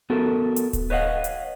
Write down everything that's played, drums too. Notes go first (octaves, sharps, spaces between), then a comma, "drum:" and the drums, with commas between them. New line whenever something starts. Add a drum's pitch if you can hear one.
B3 F#4 A4 A#4
drum: hi-hat
drum: kick D1, hi-hat
B4 C#5 D#5 F5 F#5
drum: hi-hat